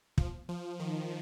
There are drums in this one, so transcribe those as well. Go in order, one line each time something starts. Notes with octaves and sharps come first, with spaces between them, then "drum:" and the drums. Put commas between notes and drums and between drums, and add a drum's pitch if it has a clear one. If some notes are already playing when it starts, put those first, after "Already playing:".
F3, drum: kick
F3
D#3